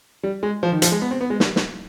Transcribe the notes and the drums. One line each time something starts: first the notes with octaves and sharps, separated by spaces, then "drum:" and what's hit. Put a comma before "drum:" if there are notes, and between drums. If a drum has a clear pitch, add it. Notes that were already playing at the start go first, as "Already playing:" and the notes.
G3
G#3
F3
D#3
F3, drum: hi-hat
G#3
B3
C4
B3
G#3
G3, drum: snare
drum: snare